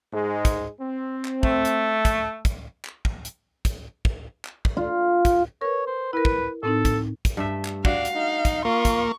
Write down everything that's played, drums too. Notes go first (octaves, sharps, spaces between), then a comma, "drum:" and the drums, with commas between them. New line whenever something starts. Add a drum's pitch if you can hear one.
G#2 G#3
drum: kick, hi-hat
C4
drum: clap
A3, drum: kick
drum: hi-hat
drum: kick, hi-hat
drum: kick, hi-hat
drum: clap
drum: kick
drum: hi-hat
drum: kick, hi-hat
drum: kick
drum: clap
drum: kick
F4
drum: kick, hi-hat
A#4 B4 C#5
C5
E4 A#4 B4
drum: kick
A2 C4 D#4 A4
drum: kick, hi-hat
drum: kick, hi-hat
G2 A3 E5
drum: clap
D4 F#4 F5, drum: kick
drum: hi-hat
D#4
drum: kick, hi-hat
A#3 F4 C#6
drum: kick, hi-hat